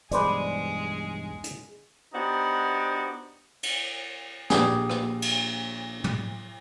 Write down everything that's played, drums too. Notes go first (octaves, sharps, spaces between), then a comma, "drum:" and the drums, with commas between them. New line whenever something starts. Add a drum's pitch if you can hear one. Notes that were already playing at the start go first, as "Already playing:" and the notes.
B1 E2 G2 G#3 G#4 B4 C5 D5, drum: hi-hat
drum: hi-hat
B3 D4 D#4 F#4 G4 C5
drum: cymbal
A#1 G4 G#4, drum: snare
drum: rim click
drum: cymbal
drum: tom